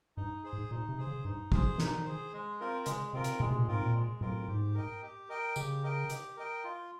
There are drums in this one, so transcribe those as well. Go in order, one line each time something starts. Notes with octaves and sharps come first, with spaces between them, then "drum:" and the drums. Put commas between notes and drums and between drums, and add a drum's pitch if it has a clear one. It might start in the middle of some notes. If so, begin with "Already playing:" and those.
G2 D#4
G#4 C5
G#2
A#2 D#4
C3
G#4 C5
C#3
G2 D#4
F3 G#4 C5, drum: kick
D#3 D#4, drum: snare
G#4 C5
G#3
C4 F4 A#4
C#3 G#3, drum: hi-hat
C3 C4 F4 A#4
drum: hi-hat
C3 G#3, drum: tom B2
A#2
G#2 C4 F4 A#4
A#2
G#3
C4 F4 A#4, drum: tom A2
G#2 G4
A#4 D#5 G5
G4
A#4 D#5 G5
C#3 G4, drum: tambourine
A#4 D#5 G5
G4, drum: hi-hat
A#4 D#5 G5
F4